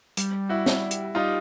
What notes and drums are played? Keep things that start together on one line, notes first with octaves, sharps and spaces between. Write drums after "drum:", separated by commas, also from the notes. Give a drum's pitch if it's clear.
G3, drum: hi-hat
E4 F#4
drum: snare
drum: hi-hat
G3 D#4 F4